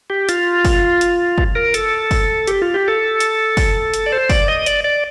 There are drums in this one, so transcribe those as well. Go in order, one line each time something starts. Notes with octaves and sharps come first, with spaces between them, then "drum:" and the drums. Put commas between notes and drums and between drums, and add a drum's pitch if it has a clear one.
G4
F4, drum: hi-hat
drum: kick, open hi-hat
drum: hi-hat
drum: kick
A#4
A4, drum: hi-hat
drum: kick, open hi-hat
G4, drum: hi-hat
F4
G4
A4
drum: hi-hat
drum: kick, open hi-hat
drum: hi-hat
D5
C5
D5, drum: kick, open hi-hat
D#5
D5, drum: hi-hat
D5